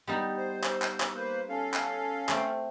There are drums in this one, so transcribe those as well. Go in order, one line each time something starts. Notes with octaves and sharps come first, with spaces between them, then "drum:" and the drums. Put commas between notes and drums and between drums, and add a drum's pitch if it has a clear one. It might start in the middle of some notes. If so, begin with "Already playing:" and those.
G3 B3 D#4
C5
drum: clap
drum: clap
drum: clap
A#3 B4 C5
C#4 A4 F5
drum: clap
A3 C4, drum: clap